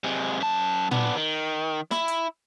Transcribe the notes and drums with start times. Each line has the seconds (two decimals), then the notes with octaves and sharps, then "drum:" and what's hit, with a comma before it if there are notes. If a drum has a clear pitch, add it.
0.04 C3 G#3
0.40 F#2 A5
0.91 B3 D4, drum: tom A#2
1.16 D#3
1.91 E4, drum: snare
2.08 drum: hi-hat